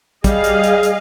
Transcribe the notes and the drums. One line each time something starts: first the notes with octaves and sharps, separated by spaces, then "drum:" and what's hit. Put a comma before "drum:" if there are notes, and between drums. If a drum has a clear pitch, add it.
G3 G#4 D#5 F5, drum: kick, hi-hat
drum: hi-hat
drum: hi-hat
drum: hi-hat